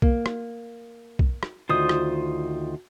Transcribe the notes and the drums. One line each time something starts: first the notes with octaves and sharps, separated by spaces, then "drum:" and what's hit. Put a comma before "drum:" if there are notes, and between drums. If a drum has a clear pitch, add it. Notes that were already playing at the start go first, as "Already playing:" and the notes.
A#3, drum: kick B1
drum: rim click
drum: kick B1
drum: rim click
D2 D#3 F4 C5 D#6
drum: rim click